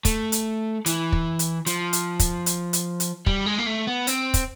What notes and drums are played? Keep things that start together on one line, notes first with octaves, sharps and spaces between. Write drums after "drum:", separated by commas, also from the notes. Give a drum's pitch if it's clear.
A3, drum: kick, hi-hat
drum: hi-hat
E3, drum: hi-hat
drum: kick
drum: hi-hat
F3, drum: hi-hat
drum: hi-hat
drum: kick, hi-hat
drum: hi-hat
drum: hi-hat
drum: hi-hat
G3, drum: kick
G#3
A#3
A3
B3
C4, drum: hi-hat
drum: kick, hi-hat